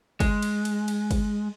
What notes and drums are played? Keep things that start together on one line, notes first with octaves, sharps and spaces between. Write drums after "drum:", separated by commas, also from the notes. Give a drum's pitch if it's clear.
G#3, drum: kick G1, cymbal
drum: cymbal
drum: cymbal
drum: cymbal
drum: kick G1, cymbal